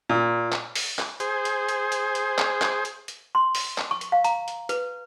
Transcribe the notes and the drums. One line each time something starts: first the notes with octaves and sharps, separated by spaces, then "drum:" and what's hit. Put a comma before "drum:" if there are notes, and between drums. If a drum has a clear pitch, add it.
A#2
drum: clap
drum: open hi-hat
drum: clap
G#4 C5, drum: hi-hat
drum: hi-hat
drum: hi-hat
drum: hi-hat
drum: hi-hat
drum: clap
drum: clap
drum: hi-hat
drum: hi-hat
C6
drum: open hi-hat
drum: clap
C#6
drum: hi-hat
F5
A#5, drum: hi-hat
drum: hi-hat
B4, drum: hi-hat